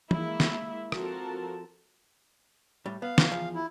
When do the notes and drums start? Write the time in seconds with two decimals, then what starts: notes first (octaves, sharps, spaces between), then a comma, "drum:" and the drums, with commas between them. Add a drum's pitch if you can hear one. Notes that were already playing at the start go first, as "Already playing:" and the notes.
0.11 G#3 A#3 E4 E5, drum: tom E3
0.40 drum: snare
0.92 F3 C4 F#4 A4 A#4 A5, drum: rim click
2.86 A2 G3
3.02 B3 F5
3.18 drum: snare
3.31 E2 F3
3.55 E4